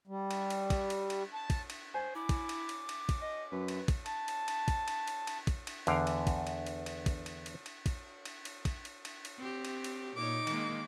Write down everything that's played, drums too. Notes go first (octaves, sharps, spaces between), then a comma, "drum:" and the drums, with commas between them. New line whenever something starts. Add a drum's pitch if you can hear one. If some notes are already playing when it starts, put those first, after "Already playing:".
G3
drum: cymbal
drum: cymbal
drum: kick, cymbal
drum: cymbal
drum: cymbal
A5
drum: kick, cymbal
drum: cymbal
C5 G#5
E4 D6
drum: kick, cymbal
drum: cymbal
drum: cymbal
drum: cymbal
drum: kick, cymbal
D#5
F#2 B4
drum: cymbal
drum: kick, cymbal
A5, drum: cymbal
drum: cymbal
drum: cymbal
drum: kick, cymbal
drum: cymbal
drum: cymbal
drum: cymbal
drum: kick, cymbal
drum: cymbal
E2 D3 F5 G5, drum: cymbal
drum: cymbal
drum: kick, cymbal
drum: cymbal
drum: cymbal
drum: cymbal
drum: kick, cymbal
drum: cymbal
drum: cymbal
drum: cymbal
drum: kick, cymbal
drum: cymbal
drum: cymbal
drum: kick, cymbal
drum: cymbal
drum: cymbal
drum: cymbal
C4 G4
drum: cymbal
drum: cymbal
A#2 D#4 C#5 D6
D#3 G#3 A#3, drum: cymbal